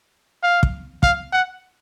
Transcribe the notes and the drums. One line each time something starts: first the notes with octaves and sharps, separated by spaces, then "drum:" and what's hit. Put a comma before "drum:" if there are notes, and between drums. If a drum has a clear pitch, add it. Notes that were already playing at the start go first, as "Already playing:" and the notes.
F5
drum: kick
F5, drum: kick
F#5